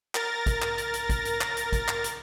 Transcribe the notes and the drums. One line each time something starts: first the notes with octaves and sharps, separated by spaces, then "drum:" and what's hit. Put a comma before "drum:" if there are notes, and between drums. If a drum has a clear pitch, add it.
A#4 A6 A#6, drum: clap
drum: kick, hi-hat
drum: clap
drum: hi-hat
drum: hi-hat
drum: kick, hi-hat
drum: hi-hat
drum: clap
drum: hi-hat
drum: kick, hi-hat
drum: clap
drum: hi-hat